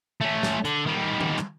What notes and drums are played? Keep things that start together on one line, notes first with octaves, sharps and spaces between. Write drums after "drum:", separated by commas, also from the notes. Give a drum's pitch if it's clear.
A3 C#4
drum: snare
D3, drum: hi-hat
D#3 G3
drum: tom D#3
drum: clap